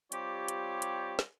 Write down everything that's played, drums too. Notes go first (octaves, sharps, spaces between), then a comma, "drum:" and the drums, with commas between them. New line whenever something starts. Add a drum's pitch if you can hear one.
G3 C4 F4 G4 C#5 D5, drum: hi-hat
drum: hi-hat
drum: hi-hat
drum: snare